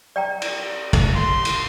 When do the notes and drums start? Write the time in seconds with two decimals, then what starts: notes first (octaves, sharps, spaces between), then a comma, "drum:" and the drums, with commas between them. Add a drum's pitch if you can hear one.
0.16 D5 G5 A#5
0.42 drum: cymbal
0.93 drum: kick, cymbal
1.15 C6
1.45 drum: cymbal